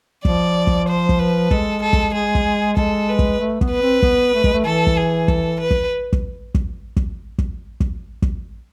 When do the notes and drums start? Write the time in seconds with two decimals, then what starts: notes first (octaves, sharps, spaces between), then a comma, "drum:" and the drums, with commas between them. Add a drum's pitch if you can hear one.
0.25 F3 D5, drum: kick
0.67 drum: kick
0.88 C5
1.09 drum: kick
1.19 B4
1.51 G#3 A4, drum: kick
1.82 A4
1.93 drum: kick
2.14 G#4
2.35 drum: kick
2.77 G#3 A4, drum: kick
3.09 B4
3.19 drum: kick
3.40 A3
3.61 B3, drum: kick
3.71 B4
3.82 C4
4.03 B3, drum: kick
4.34 A3
4.44 G#3, drum: kick
4.53 A3
4.66 E3 A4
4.87 drum: kick
4.97 G#4
5.28 A4, drum: kick
5.60 B4
5.71 drum: kick
6.13 drum: kick
6.55 drum: kick
6.96 drum: kick
7.38 drum: kick
7.80 drum: kick
8.22 drum: kick